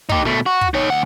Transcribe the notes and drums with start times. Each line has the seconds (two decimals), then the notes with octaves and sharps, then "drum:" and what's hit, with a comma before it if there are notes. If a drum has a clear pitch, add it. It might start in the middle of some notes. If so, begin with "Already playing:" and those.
0.09 D#4 G4, drum: kick
0.25 B2 A3
0.46 F#4
0.61 drum: kick
0.74 D#4 C#5
0.90 D2 F#5